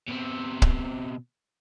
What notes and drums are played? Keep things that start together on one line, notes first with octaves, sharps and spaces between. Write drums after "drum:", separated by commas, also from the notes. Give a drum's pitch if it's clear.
B2 C4
drum: kick